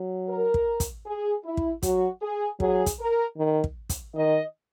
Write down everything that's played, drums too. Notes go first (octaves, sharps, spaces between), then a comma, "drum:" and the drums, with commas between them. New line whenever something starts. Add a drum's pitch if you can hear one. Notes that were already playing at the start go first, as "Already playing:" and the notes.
Already playing: F#3
A#4
drum: kick
drum: kick, hi-hat
G#4
E4
drum: kick
F#3 F#4, drum: kick, hi-hat
G#4
F#3 G#4, drum: kick
drum: kick, hi-hat
A#4
D#3
drum: kick
drum: kick, hi-hat
D#3 D#5